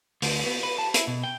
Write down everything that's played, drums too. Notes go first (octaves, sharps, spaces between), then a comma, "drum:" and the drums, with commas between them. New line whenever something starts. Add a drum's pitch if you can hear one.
D2, drum: open hi-hat
B3
B4
A5
E4, drum: hi-hat
B2
G5